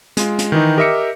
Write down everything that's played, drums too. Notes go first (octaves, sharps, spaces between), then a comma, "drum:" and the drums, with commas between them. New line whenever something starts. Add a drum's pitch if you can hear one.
G#3 F4, drum: hi-hat
drum: hi-hat
D#3 E3 D#4
G4 A#4 D#5 E5 D6 C#7